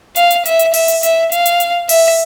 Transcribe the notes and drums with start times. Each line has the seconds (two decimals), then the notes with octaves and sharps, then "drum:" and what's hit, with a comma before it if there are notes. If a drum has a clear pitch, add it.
0.16 F5, drum: hi-hat
0.31 drum: hi-hat
0.45 E5, drum: hi-hat
0.59 drum: hi-hat
0.74 E5, drum: open hi-hat
0.88 drum: hi-hat
1.03 E5, drum: hi-hat
1.32 F5, drum: hi-hat
1.46 drum: hi-hat
1.60 drum: hi-hat
1.89 E5, drum: open hi-hat